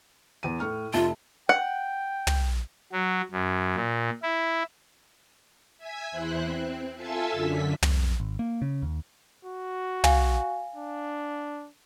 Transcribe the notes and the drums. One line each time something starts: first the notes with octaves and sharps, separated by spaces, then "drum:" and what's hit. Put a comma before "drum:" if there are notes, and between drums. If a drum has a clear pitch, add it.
E2 D#7
A2 C#6 F6
F1 F4 E5 A5
F#5 G5
drum: tom
F#3
F#2
A#2
E4
E5 G#5 G#6 B6
E2 E4 C5 F#6
C4
F4 A4 E5 G#5 A5 E6
F#2 D3 B6
F2, drum: tom
G#1
A#3
C#3
D#2
F#4
F5 G#5, drum: tom
D4